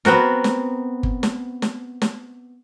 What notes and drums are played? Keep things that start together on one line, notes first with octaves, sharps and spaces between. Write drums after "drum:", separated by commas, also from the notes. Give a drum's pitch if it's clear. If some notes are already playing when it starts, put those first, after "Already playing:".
B3 C4 F#4 A#4, drum: snare
drum: snare
drum: kick G1
drum: snare
drum: snare
drum: snare